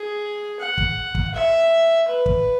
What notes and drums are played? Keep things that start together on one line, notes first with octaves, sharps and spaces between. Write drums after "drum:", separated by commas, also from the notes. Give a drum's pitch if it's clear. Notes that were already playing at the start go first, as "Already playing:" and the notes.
Already playing: G#4
F#5
drum: kick
drum: kick
E5
B4
drum: kick